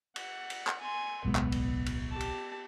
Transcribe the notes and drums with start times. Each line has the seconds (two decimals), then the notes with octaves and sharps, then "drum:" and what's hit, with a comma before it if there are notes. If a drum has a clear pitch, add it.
0.16 F#5, drum: cymbal
0.50 drum: cymbal
0.67 drum: clap
0.80 G#5 C6
1.25 D1 B1 G#3 B3
1.35 drum: clap
1.52 drum: cymbal
1.86 drum: cymbal
2.10 G4 A5
2.20 drum: cymbal